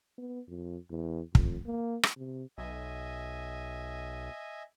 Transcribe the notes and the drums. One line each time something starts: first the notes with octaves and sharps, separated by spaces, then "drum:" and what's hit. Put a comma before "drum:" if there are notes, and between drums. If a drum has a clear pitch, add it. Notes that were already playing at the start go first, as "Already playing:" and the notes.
B3
F2
E2
F2, drum: kick
A#3
drum: rim click
C3
B1 D#5 E5 G#5